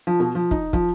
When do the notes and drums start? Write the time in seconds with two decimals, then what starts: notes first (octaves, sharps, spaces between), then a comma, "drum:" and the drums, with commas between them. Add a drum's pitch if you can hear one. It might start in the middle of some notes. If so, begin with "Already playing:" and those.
0.07 F3
0.20 B2
0.35 F3
0.51 D#4, drum: kick
0.73 F3, drum: kick